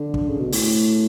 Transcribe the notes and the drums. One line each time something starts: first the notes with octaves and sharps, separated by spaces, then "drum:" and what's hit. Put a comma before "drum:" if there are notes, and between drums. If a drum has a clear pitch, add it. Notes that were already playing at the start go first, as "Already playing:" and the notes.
Already playing: D3
drum: kick
C#3
B2
A2, drum: open hi-hat